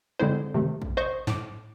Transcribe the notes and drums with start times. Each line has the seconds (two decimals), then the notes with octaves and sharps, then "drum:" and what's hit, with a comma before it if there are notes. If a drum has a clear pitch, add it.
0.19 D3 G#3 C4 E4 C5
0.54 C3 D#3 A3
0.82 drum: kick A1
0.97 C5 D#5 C#6 G6
1.27 A2 D6, drum: snare